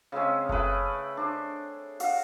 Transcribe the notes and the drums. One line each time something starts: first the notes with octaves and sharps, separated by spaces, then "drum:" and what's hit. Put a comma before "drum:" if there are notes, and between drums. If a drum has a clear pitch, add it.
C#3 G#3 C4 C#4
A3 G#4 B4 G5, drum: kick F#1
D4 C5
F#4 F5, drum: open hi-hat